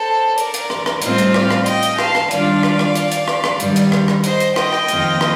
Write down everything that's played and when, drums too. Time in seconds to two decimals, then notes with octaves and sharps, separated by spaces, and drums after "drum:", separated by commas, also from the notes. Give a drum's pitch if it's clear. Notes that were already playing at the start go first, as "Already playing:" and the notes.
Already playing: A4 C5
0.38 A#4 D5, drum: hi-hat
0.54 drum: hi-hat
0.70 drum: rim click
0.86 drum: rim click
1.02 A2 G3 C4 F4 C5 D#5, drum: hi-hat
1.18 drum: hi-hat
1.34 D5 F5, drum: rim click
1.51 drum: rim click
1.66 D#5 G5, drum: hi-hat
1.83 drum: hi-hat
1.99 F5 A5, drum: rim click
2.15 drum: rim click
2.31 D#3 G3 D4 F4 D5 F5, drum: hi-hat
2.63 drum: rim click
2.79 drum: rim click
2.95 drum: hi-hat
3.12 drum: hi-hat
3.28 drum: rim click
3.44 drum: rim click
3.60 G2 D#3 G3, drum: hi-hat
3.76 drum: hi-hat
3.92 drum: rim click
4.08 drum: rim click
4.24 C5 D#5, drum: hi-hat
4.40 drum: hi-hat
4.56 D#5 G5, drum: rim click
4.73 drum: rim click
4.88 F2 D#3 A#3 F4, drum: hi-hat
5.21 drum: rim click